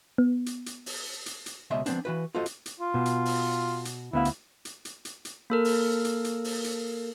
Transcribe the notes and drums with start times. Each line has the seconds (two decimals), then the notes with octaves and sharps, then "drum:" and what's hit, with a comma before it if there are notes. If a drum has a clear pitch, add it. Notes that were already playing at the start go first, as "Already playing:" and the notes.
0.18 B3
0.46 drum: hi-hat
0.66 drum: hi-hat
0.86 drum: open hi-hat
1.26 drum: hi-hat
1.46 drum: hi-hat
1.70 C#2 B2 G#3 D#5 E5 C6
1.86 F3 F#3 B3 C4 D4, drum: hi-hat
2.05 E3 F#4 B4
2.35 F4 F#4 A4 C5 D#5
2.46 drum: hi-hat
2.66 drum: hi-hat
2.80 F4
2.94 B2
3.05 drum: hi-hat
3.25 drum: open hi-hat
3.85 drum: hi-hat
4.13 D2 B3 E4 F5
4.25 drum: hi-hat
4.65 drum: hi-hat
4.85 drum: hi-hat
5.05 drum: hi-hat
5.25 drum: hi-hat
5.50 A#3 A4 A#4
5.65 drum: open hi-hat
6.05 drum: hi-hat
6.24 drum: hi-hat
6.44 drum: open hi-hat
6.64 drum: hi-hat